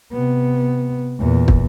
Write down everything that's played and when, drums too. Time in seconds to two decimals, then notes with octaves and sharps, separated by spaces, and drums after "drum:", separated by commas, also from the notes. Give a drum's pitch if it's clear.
0.12 C3 B3
1.19 E2 A#2
1.48 drum: kick